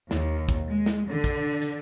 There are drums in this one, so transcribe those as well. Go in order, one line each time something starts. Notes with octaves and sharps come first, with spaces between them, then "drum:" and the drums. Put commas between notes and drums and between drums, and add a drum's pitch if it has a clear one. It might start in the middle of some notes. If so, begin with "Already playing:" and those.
D#2, drum: snare
drum: kick, hi-hat
G#3
drum: snare
D3
drum: kick, hi-hat
drum: hi-hat